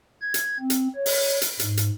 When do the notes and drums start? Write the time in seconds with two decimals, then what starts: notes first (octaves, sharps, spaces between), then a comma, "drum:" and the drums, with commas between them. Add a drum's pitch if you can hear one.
0.22 G#6
0.34 drum: hi-hat
0.59 C4
0.70 drum: hi-hat
0.96 C#5
1.06 drum: open hi-hat
1.42 drum: hi-hat
1.59 G#2, drum: hi-hat
1.77 drum: hi-hat